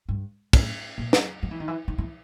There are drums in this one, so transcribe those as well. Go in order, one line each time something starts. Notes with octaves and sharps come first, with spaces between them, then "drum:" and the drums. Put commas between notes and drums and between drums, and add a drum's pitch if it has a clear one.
G2
A2, drum: kick, cymbal
A#2
drum: snare
F3
E3
D#3
E3
D#3
E3